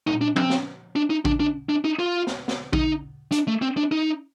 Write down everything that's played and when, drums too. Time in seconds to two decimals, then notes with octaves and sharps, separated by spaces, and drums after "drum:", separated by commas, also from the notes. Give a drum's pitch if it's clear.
0.07 D#4, drum: tom A#2
0.21 D4
0.36 C4, drum: tom F3
0.50 drum: snare
0.96 D4
1.10 D#4
1.25 D4, drum: kick A1
1.40 D4
1.69 D4
1.85 D#4
1.99 F4
2.27 drum: snare
2.48 drum: snare
2.73 D#4, drum: kick A1
3.32 D4, drum: hi-hat
3.47 A3
3.62 C4
3.77 D4
3.92 D#4